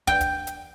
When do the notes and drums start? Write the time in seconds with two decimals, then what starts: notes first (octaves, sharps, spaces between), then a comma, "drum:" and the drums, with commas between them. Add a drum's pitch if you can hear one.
0.07 G5, drum: kick
0.21 drum: kick, hi-hat
0.47 drum: hi-hat